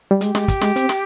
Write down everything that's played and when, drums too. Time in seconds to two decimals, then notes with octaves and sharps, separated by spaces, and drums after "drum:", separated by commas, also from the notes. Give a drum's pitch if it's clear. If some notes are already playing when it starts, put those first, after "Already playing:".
0.11 G3
0.21 G#3 G4, drum: hi-hat
0.35 G#3, drum: snare
0.48 drum: kick, hi-hat
0.61 G#3, drum: snare
0.76 C4, drum: hi-hat
0.89 drum: snare